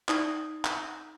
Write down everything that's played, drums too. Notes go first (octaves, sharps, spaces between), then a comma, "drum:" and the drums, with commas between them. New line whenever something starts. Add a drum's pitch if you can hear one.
D#4 D5 D#6, drum: clap
drum: clap